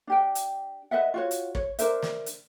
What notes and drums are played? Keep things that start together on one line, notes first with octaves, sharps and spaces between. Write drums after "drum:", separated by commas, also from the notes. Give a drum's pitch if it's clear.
D4 G4 G5
drum: hi-hat
B4 D#5 E5 F#5
F4 F#4 C#5
drum: hi-hat
C#5, drum: kick
D4 A#4 C5 E5, drum: hi-hat
drum: snare
drum: hi-hat